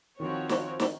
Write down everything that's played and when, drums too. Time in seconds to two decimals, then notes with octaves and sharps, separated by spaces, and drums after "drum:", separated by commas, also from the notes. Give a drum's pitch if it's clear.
0.19 D#3 F3 C4 F#4 C#5
0.49 drum: snare
0.80 drum: snare